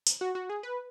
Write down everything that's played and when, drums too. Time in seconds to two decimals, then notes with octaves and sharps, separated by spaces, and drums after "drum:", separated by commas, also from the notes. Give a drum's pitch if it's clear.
0.07 drum: tambourine
0.21 F#4
0.35 F#4
0.50 G#4
0.63 B4